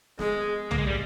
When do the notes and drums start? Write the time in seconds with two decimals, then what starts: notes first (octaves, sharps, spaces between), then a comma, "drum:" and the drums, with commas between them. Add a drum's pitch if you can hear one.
0.19 G#3, drum: snare
0.71 A#3, drum: tom
0.78 G#3
0.87 G3